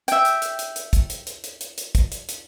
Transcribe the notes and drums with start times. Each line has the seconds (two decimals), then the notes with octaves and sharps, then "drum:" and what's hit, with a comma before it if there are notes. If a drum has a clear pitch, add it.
0.08 E5 G5, drum: hi-hat
0.25 drum: hi-hat
0.42 drum: hi-hat
0.59 drum: hi-hat
0.76 drum: hi-hat
0.93 drum: kick, hi-hat
1.10 drum: hi-hat
1.27 drum: hi-hat
1.44 drum: hi-hat
1.61 drum: hi-hat
1.78 drum: hi-hat
1.95 drum: kick, hi-hat
2.12 drum: hi-hat
2.29 drum: hi-hat